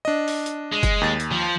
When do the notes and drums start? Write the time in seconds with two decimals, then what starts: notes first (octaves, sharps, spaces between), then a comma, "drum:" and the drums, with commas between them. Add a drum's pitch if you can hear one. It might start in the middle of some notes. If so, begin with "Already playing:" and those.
0.05 D4 D#5
0.28 drum: open hi-hat
0.46 drum: hi-hat
0.73 G#3
0.83 drum: kick, hi-hat
1.01 D#2 A6
1.20 drum: hi-hat
1.32 F3